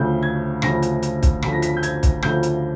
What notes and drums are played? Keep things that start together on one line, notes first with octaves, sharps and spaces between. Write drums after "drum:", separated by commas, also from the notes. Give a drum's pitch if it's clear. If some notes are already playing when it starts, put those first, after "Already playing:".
Already playing: D2 C#3 F3 A3 G6
G#6
D2 C#3 F3 A3 A#6, drum: rim click
drum: hi-hat
drum: hi-hat
drum: kick, hi-hat
D2 C#3 F3 A3 B6, drum: rim click
A#6
B6, drum: hi-hat
G6
G#6, drum: hi-hat
drum: kick, hi-hat
D2 C#3 F3 A3 G6, drum: rim click
drum: hi-hat